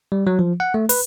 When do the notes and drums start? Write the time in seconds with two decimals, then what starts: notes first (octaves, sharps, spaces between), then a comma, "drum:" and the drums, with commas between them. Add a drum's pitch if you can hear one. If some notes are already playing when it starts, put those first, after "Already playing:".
0.12 G3
0.27 F#3
0.39 F3
0.60 F#5
0.74 A3
0.89 B4, drum: open hi-hat